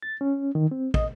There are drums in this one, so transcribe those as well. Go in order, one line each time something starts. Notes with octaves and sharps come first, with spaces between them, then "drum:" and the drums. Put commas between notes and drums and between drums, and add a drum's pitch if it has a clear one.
A6
C#4
D#3
C4
D#5, drum: kick